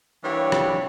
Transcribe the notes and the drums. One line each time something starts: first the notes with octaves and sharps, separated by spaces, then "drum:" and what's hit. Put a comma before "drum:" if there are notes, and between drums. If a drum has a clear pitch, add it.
E3 G3 A#3 D4 G4 C#5
drum: rim click